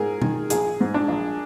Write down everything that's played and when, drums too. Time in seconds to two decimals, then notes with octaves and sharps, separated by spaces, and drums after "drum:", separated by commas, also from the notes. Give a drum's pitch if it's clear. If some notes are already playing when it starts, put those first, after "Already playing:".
Already playing: G#2 G#4 A#4
0.22 D#3, drum: tom B2
0.50 A#1 G#4, drum: hi-hat
0.80 G#2
0.94 D4
1.08 A#1